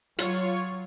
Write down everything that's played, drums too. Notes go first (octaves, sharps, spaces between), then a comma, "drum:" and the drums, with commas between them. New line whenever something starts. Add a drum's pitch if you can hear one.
F#3 F4 C#5 C#6, drum: hi-hat